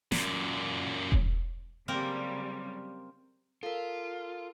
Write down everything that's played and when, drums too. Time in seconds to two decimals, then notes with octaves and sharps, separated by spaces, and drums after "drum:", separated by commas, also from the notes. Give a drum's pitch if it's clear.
0.12 F#2 A#2, drum: snare
1.12 drum: kick E1
1.88 C#3 F#3 G3 A#3 C4 A#4
3.63 F4 A4 A#4